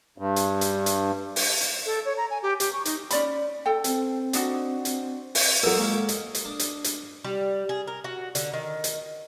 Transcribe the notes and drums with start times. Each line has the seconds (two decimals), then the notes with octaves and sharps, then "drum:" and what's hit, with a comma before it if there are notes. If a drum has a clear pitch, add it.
0.18 G2
0.36 drum: hi-hat
0.61 drum: hi-hat
0.86 drum: hi-hat
1.36 drum: open hi-hat
1.61 drum: hi-hat
1.86 A4
2.05 C#5
2.17 A#5
2.31 G#5
2.43 G4
2.60 G4, drum: hi-hat
2.73 C#6
2.85 D#4, drum: hi-hat
3.10 C#4 D5 B5, drum: hi-hat
3.66 A4 G5
3.84 C4, drum: hi-hat
4.33 D4 D#4 F#4, drum: hi-hat
4.85 drum: hi-hat
5.35 drum: open hi-hat
5.63 A#2 F#3 A4 A#4
5.77 G#3 A#3 C#4
6.09 D#5, drum: hi-hat
6.35 drum: hi-hat
6.45 D4 D#6
6.59 drum: hi-hat
6.84 drum: hi-hat
7.24 G3
7.69 G#4
7.87 A#4
8.04 F#4
8.35 D3, drum: hi-hat
8.53 D#3
8.84 drum: hi-hat